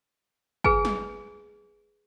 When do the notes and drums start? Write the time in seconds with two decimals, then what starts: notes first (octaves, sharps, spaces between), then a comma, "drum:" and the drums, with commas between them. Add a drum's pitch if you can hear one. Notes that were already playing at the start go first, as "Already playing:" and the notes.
0.64 G#4 B4 G#5, drum: kick G1
0.85 drum: snare